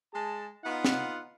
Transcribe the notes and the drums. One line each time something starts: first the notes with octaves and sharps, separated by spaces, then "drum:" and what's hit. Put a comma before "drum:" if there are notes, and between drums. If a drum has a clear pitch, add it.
G#3 G#4 A5
B3 D#4 F4 F#5
drum: snare